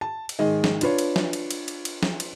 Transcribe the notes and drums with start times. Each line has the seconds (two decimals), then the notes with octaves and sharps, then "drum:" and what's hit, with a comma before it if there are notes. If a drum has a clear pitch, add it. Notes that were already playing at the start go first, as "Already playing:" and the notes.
0.01 A5
0.29 drum: cymbal
0.39 G#2 D#3 G#4 D#5
0.64 drum: snare
0.81 D4 F4 B4 C#5, drum: cymbal
0.99 drum: cymbal
1.16 drum: snare
1.33 drum: cymbal
1.51 drum: cymbal
1.68 drum: cymbal
1.85 drum: cymbal
2.03 drum: snare
2.20 drum: cymbal